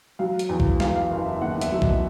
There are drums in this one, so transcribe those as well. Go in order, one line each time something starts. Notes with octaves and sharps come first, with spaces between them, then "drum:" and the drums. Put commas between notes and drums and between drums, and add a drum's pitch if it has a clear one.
F#3 F5
drum: hi-hat
E2
drum: kick B1
E2 F5, drum: snare
F5
F#1 F5
E5
D#2 F#5
E5, drum: hi-hat
F#3
D#5, drum: kick B1